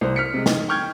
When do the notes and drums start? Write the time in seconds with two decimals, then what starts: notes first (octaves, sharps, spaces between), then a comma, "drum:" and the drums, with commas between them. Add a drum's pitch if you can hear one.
0.01 C2 C5
0.16 F6 B6 C#7
0.34 C3 G#3
0.46 D#4, drum: snare
0.69 G5 C#6 F6 G6 G#6